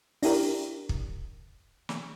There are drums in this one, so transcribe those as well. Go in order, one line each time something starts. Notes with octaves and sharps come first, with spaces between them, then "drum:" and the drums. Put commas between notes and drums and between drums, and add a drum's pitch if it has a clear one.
D4 E4 G4 A#4, drum: open hi-hat
drum: kick
drum: snare